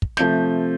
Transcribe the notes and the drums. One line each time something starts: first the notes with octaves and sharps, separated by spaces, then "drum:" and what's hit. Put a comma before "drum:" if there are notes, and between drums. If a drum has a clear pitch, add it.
drum: kick
C3 F3 A3 G6, drum: snare